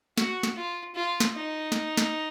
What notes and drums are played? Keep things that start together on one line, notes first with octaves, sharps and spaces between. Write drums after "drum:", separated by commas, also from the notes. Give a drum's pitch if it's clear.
F#4, drum: snare
drum: snare
F4
F4
drum: snare
D#4
drum: snare
drum: snare